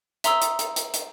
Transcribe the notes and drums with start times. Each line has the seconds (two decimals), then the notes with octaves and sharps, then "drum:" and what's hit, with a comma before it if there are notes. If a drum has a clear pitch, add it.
0.24 E5 A#5 C6 D#6 E6, drum: hi-hat
0.42 drum: hi-hat
0.59 drum: hi-hat
0.76 drum: hi-hat
0.94 drum: hi-hat